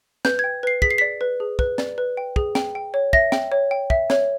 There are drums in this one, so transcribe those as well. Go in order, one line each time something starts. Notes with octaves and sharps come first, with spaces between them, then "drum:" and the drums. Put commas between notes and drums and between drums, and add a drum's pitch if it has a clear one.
B4 G6, drum: snare
G5 G#6
B4 C7
G#4 B6, drum: kick
C7
D5 B6
B4
G#4
B4, drum: kick
D5, drum: snare
B4
G5
G#4, drum: kick
G5, drum: snare
G5
C#5
E5 A#6, drum: kick
G5, drum: snare
C#5
G5
E5, drum: kick
C#5, drum: snare